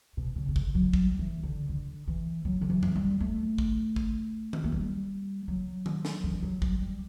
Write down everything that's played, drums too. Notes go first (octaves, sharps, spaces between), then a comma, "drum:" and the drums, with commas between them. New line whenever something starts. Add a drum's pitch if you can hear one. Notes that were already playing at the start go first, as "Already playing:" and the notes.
B2
C#3
C#3
D3, drum: kick
F#3
G3, drum: kick
E3
D3
D3
E3
F#3
D3
E3
drum: tom F2
G3
A3
drum: kick
drum: kick
drum: tom D#3
A3
G3
F#3
drum: tom D#3
drum: snare
E3
F#3
G3, drum: kick
G3